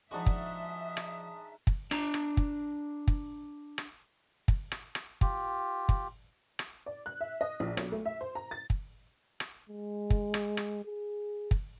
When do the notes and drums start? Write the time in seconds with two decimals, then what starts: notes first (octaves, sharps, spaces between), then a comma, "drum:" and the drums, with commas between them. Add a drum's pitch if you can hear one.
0.11 F3 G#3 D4 D#4 F#4 E5 D#6
0.26 drum: kick
0.97 drum: rim click
1.67 drum: kick
1.91 D4 A#5, drum: rim click
2.14 drum: rim click
2.37 drum: kick
3.08 drum: kick
3.78 drum: rim click
4.48 drum: kick
4.72 drum: rim click
4.95 drum: rim click
5.21 F4 G4, drum: kick
5.89 drum: kick
6.59 drum: rim click
6.86 D5
7.06 F#6
7.21 E5
7.41 D#5
7.60 A#1
7.77 B1, drum: rim click
7.92 A3
8.06 E5
8.21 C5
8.35 A#5
8.51 A6
8.70 drum: kick
9.40 drum: rim click
9.69 G#3
10.10 drum: kick
10.34 drum: rim click
10.57 drum: rim click
10.85 G#4
11.51 drum: kick